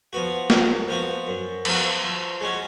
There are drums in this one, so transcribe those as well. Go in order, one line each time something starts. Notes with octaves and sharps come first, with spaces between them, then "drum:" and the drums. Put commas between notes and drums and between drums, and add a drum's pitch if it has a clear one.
F3 B3 F#4
F#2, drum: snare
F3 B3 F#4
F#2
F3 B3 F#4, drum: cymbal
F3
G#3 C#4 F#4